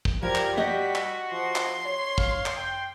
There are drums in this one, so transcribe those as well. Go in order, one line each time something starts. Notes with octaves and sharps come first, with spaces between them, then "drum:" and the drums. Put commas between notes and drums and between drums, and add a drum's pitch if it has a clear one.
drum: kick
F3 G3 A#4 G#6
drum: clap
F#4 G4 D#5 F#5 B6
drum: clap
F3 C6
drum: clap
C#5
F5, drum: kick
drum: clap
G5